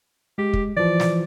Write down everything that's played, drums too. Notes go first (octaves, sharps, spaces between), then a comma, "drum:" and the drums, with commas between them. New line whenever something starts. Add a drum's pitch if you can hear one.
G#3 G4
drum: kick
E3 F3 D5
drum: snare